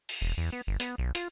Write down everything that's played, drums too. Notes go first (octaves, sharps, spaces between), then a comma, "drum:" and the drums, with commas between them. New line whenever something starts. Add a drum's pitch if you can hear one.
drum: open hi-hat
E1
E2
B3
G1
B3, drum: hi-hat
B1
F4, drum: hi-hat